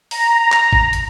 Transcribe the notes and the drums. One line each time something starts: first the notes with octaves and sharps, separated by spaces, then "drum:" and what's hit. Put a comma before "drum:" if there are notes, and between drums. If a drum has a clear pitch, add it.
A#5, drum: open hi-hat
drum: clap
drum: kick G#1
drum: hi-hat